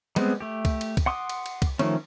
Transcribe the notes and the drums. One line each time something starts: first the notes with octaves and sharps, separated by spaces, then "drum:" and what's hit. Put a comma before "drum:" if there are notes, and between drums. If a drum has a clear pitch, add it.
G3 G#3 B3 C4, drum: cymbal
A3 G4
drum: kick, cymbal
drum: cymbal
drum: kick, cymbal
F#5 C6 D6 D#6
drum: cymbal
drum: cymbal
drum: kick, cymbal
D#3 F3 A3 C#4, drum: cymbal